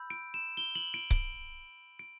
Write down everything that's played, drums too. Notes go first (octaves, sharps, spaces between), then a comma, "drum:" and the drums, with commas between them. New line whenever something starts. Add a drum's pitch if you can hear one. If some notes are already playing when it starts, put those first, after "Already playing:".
Already playing: B5 E6 G6
D7
E7
G7
F#7
D7
D7, drum: kick C#1
D7